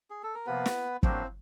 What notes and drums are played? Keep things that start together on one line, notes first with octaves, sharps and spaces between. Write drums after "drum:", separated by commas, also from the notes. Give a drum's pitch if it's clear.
G#4
A4
A#4
C3 F3 A#3 B3 B4
drum: snare
A2 F#3 A#3 C4 D4 G4 C5, drum: kick